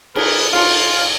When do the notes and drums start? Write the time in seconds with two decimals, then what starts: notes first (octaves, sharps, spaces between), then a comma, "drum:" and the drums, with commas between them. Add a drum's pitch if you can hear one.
0.15 G#4 A#4 B4, drum: cymbal
0.54 F4, drum: cymbal